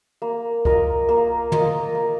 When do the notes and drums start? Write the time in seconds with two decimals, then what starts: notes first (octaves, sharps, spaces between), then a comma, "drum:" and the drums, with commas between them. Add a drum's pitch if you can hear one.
0.22 A#3
0.65 F4 A#4 D#5, drum: kick C2
1.09 A#3
1.52 F4 A#4 D#5, drum: tom
1.95 A#3